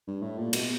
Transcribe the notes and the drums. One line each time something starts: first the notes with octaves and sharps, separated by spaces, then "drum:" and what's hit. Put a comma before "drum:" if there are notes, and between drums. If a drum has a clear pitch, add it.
G2
A2
A#2
B2, drum: cymbal